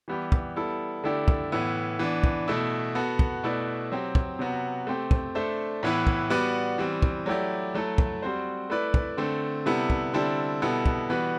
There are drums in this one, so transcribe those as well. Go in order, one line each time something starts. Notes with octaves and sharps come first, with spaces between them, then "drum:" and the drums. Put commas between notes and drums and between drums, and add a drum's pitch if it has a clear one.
E3 G3 B3 E4 G4
drum: kick
G3 B3 E4 A4
D3 A3 E4 G4 D5
drum: kick
A2 E3 B3 E4
E3 B3 D4
drum: kick
B2 A3 E4
B3 F#4 A4
drum: kick
B2 A3 E4 B4 D5
F#3 C4 G4
drum: kick
C3 F#3 B3 F#4
A3 C4 G4
drum: kick
A3 D4 A4 C5 E5
A2 E3 B3 E4 B4
drum: kick
G3 B3 F#4 B4 D5
E3 G3 C4
drum: kick
F#3 A3 E4 G4 D5
F#3 A3 E4 A4
drum: kick
G3 C4 F#4 C5
A3 E4 B4 D5
drum: kick
D3 A3 C4
C3 G3 B3 E4 A4
drum: kick
D3 G3 C4 E4 A4
B2 G3 B3 E4 A4
drum: kick
E3 G3 B3 F#4 B4